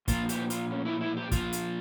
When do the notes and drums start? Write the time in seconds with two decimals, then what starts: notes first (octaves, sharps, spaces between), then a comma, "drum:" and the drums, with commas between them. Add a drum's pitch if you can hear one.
0.08 A#2 F3 F4, drum: kick, hi-hat
0.29 G4, drum: hi-hat
0.50 F4, drum: hi-hat
0.71 C#4
0.85 E4
1.01 E4
1.17 G4
1.32 A#2 F3 F4, drum: kick, hi-hat
1.53 drum: hi-hat